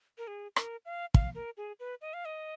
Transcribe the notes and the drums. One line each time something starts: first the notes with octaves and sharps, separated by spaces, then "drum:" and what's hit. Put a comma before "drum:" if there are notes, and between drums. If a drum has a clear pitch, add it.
A#4
G#4
A#4, drum: rim click
F5
F5, drum: kick
A#4
G#4
B4
D#5
F5
D#5